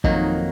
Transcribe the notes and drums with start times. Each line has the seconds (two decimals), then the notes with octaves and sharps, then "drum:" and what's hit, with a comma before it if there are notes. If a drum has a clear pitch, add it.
0.04 F2 D#3 F#3 A#3 D#4, drum: kick